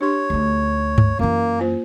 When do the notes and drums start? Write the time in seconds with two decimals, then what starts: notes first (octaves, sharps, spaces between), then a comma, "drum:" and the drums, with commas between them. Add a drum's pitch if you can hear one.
0.01 D4 G4 C#5 C6
0.30 D2 D#4
0.98 drum: tom G2
1.19 F#2 E3 A#3
1.60 A#3 F4 C5